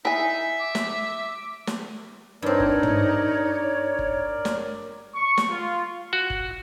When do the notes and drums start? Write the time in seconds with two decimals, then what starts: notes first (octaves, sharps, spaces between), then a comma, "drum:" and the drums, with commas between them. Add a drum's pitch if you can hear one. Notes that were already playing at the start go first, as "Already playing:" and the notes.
0.05 D#4 E4 E5 G#5
0.60 D6
0.75 drum: snare
1.67 drum: snare
2.42 G2 C4 D#4 A#4 C#5 D5
2.60 drum: kick G1
2.83 drum: tom
3.99 drum: kick G1
4.45 drum: snare
5.14 C#6
5.38 drum: snare
5.50 F4
6.13 F#4
6.30 drum: kick G1